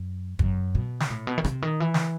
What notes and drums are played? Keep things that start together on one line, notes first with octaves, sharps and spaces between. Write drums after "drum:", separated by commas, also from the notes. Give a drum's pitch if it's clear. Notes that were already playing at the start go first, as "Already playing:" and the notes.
Already playing: F#2
F#2, drum: kick
B2
drum: snare
A2
B2
D#3
C3, drum: rim click
D#3
E3
drum: snare